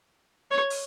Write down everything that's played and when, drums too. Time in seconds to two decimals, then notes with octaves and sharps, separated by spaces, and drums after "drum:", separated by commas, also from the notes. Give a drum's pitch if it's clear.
0.51 C#5
0.70 drum: open hi-hat